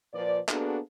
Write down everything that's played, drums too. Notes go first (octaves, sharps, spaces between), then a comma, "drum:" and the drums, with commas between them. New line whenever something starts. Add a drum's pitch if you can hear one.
A#2 F3 B4 D5
A#3 B3 D4 F#4 G#4 A4, drum: clap